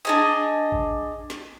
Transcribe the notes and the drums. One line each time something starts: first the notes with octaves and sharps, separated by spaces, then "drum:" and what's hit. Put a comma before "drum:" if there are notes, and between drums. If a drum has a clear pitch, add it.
D4 G#4 D#5
drum: kick
drum: snare